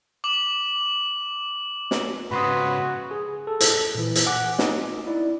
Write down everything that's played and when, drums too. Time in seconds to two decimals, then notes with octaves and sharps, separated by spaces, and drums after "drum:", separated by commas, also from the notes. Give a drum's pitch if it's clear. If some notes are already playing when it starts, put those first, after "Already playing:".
0.24 D6 E7 F#7
1.91 drum: snare
2.31 G#2 C#3 F#4 B4 B5 C6 D#6
3.11 G#4
3.47 A4
3.60 drum: hi-hat
3.95 A#2 E3
4.15 drum: hi-hat
4.26 F#5 G#5 D6 F#6
4.59 D#4 D#5, drum: snare
5.06 D#4 E4 D5